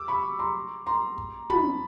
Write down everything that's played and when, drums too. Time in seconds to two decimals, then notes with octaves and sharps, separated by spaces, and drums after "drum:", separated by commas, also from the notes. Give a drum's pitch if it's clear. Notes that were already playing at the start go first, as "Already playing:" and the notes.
Already playing: D6 E6
0.08 B5 C#6
0.39 A#5 C6
0.86 A#5 C6
1.18 drum: kick
1.50 A5 B5, drum: tom